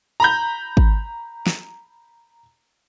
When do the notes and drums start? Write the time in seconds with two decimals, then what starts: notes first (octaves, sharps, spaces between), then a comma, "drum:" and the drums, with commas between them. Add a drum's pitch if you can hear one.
0.20 A#5 B5 G6
0.77 drum: kick G#1
1.47 drum: snare